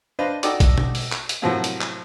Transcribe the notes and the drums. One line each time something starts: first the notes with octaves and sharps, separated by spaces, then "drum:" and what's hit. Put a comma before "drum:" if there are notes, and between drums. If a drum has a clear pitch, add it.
D4 B4 C5 D#5 F5
D#4 F#4 A4 D5 G5 D6, drum: hi-hat
drum: kick A#1, hi-hat
drum: tom B2
drum: open hi-hat
drum: clap
drum: hi-hat
A2 C3 F3 F#3 A#3
drum: hi-hat
drum: clap